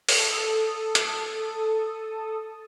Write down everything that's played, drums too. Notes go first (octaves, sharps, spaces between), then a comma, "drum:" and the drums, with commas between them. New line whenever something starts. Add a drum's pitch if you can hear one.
A4 D#6, drum: open hi-hat
drum: hi-hat